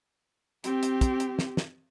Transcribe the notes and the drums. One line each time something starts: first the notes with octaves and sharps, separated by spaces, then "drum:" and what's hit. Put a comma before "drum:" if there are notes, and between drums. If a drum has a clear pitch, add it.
C4 G4, drum: hi-hat
drum: hi-hat
drum: kick, hi-hat
drum: hi-hat
drum: snare
drum: snare